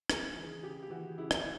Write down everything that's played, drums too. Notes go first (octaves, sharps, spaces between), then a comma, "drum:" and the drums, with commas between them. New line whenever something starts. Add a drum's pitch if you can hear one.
C#3 G#4, drum: rim click
E3
C#3 G4
G4
E3 F#4
C#3 E4
drum: rim click